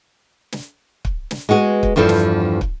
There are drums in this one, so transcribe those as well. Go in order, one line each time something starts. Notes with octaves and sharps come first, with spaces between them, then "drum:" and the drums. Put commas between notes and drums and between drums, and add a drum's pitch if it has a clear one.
drum: snare
drum: kick
drum: snare
G#3 B3 F#4 G#4
drum: kick
E2 G2 F3 C4 A4
drum: snare
drum: kick